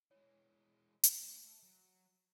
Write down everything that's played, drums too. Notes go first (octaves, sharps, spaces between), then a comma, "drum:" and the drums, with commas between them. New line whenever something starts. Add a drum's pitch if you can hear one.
E3 G#3 C#5
drum: hi-hat
D2
A4 E5
F#3